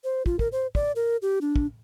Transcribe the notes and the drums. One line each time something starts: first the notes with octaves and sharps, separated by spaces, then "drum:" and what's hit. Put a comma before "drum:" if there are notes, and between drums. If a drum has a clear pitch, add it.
C5
F4, drum: kick
A#4, drum: kick
C5
D5, drum: kick
A#4
G4
D4
drum: kick